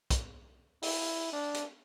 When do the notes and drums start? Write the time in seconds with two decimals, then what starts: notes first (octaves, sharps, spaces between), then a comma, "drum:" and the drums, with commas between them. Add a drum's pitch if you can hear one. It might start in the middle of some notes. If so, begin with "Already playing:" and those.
0.10 drum: kick, hi-hat
0.82 E4, drum: open hi-hat
1.33 D4
1.54 drum: hi-hat